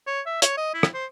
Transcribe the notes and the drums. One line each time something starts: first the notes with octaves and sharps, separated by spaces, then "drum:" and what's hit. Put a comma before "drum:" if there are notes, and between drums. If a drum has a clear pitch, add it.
C#5
E5
C#5, drum: hi-hat
D#5
E4
drum: rim click
C5